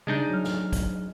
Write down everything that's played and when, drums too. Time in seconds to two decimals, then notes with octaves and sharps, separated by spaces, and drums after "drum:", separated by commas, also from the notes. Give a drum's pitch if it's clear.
0.07 C#3 G3 G#3 D4 D#4 G6
0.30 F#3 F6
0.44 drum: snare
0.73 drum: kick, hi-hat